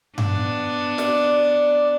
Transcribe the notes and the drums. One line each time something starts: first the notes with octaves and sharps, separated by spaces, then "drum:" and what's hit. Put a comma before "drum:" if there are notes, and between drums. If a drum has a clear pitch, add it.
B3 D4, drum: tom G2
D5, drum: snare